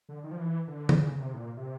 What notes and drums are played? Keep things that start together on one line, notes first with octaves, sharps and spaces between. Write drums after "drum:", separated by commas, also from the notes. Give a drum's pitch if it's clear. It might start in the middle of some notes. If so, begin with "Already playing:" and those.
D3
D#3
F3
E3
D3
drum: tom
C#3
C3
A2
A#2
C3